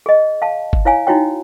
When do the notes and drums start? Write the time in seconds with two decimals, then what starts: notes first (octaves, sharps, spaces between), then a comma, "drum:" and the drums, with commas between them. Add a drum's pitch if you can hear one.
0.06 G#4 D#5
0.42 F5 A5
0.73 drum: kick G1
0.85 E4 C#5 F5 G#5
1.07 D#4 E4 F#4 C#5 G5